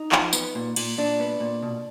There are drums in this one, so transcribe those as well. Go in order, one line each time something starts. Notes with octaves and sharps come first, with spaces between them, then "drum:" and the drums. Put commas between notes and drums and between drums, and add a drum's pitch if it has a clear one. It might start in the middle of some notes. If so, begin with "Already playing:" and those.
Already playing: D#4
F3, drum: clap
B3, drum: tambourine
A#2
A#2, drum: cymbal
A#2 D4
B3
A#2
B2